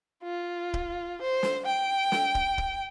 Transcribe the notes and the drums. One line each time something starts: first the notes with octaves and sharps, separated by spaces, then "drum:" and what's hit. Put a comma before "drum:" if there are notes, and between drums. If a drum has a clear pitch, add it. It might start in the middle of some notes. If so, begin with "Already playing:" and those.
F4
drum: kick
C5
drum: snare
G5
drum: snare
drum: kick
drum: kick